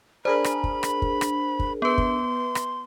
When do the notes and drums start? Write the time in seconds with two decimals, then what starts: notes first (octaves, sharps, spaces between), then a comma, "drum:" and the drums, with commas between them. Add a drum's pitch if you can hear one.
0.25 D4 G#4 A#4 C5 B5
0.44 drum: rim click
0.64 drum: kick
0.83 drum: rim click
1.02 drum: kick
1.21 drum: rim click
1.59 drum: kick
1.82 B3 B4 C6
1.98 drum: kick
2.55 drum: rim click